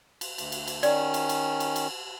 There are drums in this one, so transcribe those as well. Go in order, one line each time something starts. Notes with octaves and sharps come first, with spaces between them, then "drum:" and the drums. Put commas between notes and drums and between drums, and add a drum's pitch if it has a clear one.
drum: cymbal
D2, drum: cymbal
drum: cymbal
drum: cymbal
D#3 C#4 D5, drum: cymbal
drum: cymbal
drum: cymbal
drum: cymbal
drum: cymbal